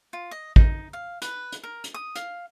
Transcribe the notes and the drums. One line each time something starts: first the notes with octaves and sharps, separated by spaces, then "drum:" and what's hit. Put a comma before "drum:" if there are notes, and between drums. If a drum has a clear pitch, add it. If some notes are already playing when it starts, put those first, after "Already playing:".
F4
D#5
D#4, drum: kick
F5
B4, drum: hi-hat
drum: hi-hat
A#4
drum: hi-hat
D#6
F5, drum: hi-hat